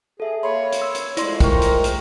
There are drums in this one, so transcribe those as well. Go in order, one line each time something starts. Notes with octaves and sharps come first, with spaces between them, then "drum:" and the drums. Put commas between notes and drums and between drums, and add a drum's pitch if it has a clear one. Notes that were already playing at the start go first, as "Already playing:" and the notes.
G#4 A4 E5
A#3 C#5 B5 C6
drum: hi-hat
E6
drum: hi-hat
F3 G#3 A3 E4 D5 C6, drum: hi-hat
A#4 G5 C#6, drum: kick, hi-hat
drum: hi-hat
drum: hi-hat